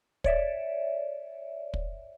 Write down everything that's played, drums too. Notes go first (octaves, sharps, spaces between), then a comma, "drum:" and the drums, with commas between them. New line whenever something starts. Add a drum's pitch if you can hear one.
C#5 D5 E5, drum: kick
drum: kick